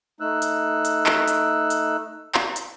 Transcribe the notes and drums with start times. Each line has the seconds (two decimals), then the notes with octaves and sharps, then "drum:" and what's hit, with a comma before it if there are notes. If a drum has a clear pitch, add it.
0.20 A3 D#4 E6 F#6
0.42 drum: hi-hat
0.85 drum: hi-hat
1.06 drum: clap
1.28 drum: hi-hat
1.70 drum: hi-hat
2.35 drum: clap
2.56 drum: hi-hat